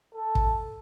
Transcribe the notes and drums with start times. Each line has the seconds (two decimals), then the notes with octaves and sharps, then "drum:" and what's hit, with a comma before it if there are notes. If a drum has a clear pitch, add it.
0.14 A4
0.35 drum: kick